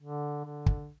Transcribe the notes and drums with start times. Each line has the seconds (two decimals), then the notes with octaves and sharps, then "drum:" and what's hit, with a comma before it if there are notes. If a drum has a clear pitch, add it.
0.01 D3
0.44 D3
0.66 drum: kick